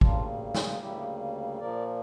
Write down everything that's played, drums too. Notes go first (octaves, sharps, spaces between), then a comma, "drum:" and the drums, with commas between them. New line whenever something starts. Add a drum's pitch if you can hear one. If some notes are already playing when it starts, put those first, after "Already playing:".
D2 C#3 G3 A#3 D4 F4, drum: kick
drum: snare
D2 C#3 G3 A#3 E4 G4
A#2 F3 A#3 A#4 D5